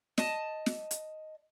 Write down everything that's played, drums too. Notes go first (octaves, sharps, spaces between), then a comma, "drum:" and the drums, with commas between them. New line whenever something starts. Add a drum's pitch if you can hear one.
D#5 A5, drum: snare
drum: snare
drum: hi-hat